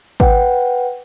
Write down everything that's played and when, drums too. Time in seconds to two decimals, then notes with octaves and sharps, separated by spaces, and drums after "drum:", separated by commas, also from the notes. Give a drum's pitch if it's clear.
0.20 B4 F#5 G5, drum: kick G#1